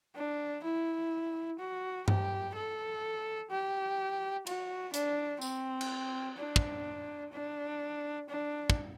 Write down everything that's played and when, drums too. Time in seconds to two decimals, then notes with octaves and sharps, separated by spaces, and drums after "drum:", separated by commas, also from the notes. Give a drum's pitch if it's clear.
0.16 D4
0.64 E4
1.59 F#4
2.08 G4, drum: tom G2
2.55 A4
3.51 G4
4.47 F#4, drum: cymbal
4.94 D4, drum: hi-hat
5.41 C4, drum: tambourine
5.81 drum: cymbal
6.37 D4
6.56 drum: kick
7.33 D4
8.29 D4
8.70 drum: kick